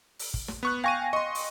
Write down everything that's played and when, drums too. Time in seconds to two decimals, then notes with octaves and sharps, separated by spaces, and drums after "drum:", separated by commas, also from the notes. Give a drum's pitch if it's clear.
0.19 drum: open hi-hat
0.34 drum: kick
0.48 drum: snare
0.63 B3 C#6 F#6
0.84 F5 G5 G#5 C#6 A#6 D#7
1.13 D#5 C6 C#6
1.35 drum: open hi-hat